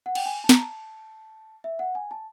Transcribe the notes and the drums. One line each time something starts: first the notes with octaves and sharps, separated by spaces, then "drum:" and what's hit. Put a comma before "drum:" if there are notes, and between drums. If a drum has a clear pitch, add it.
F#5
G5, drum: cymbal
G#5
A5
A#5, drum: snare
A5
E5
F#5
G#5
A5